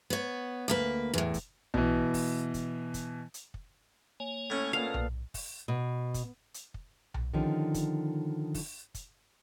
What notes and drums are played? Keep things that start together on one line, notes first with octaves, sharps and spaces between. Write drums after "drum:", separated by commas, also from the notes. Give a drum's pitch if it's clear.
B3 C#5
D2 A#3 B4
E2 A2
drum: kick, hi-hat
B2 E3, drum: tom B1
drum: kick, open hi-hat
drum: kick, hi-hat
drum: kick, hi-hat
drum: hi-hat
drum: kick
A#3 C#5 G#5
A2 C#4
A#2 A#3 B3 A4 F5
drum: tom B1
drum: kick, open hi-hat
B2
drum: kick, hi-hat
drum: hi-hat
drum: kick
drum: tom B1
D3 D#3 F3 G3 C#4 D#4
drum: kick, hi-hat
drum: kick, open hi-hat
drum: kick, hi-hat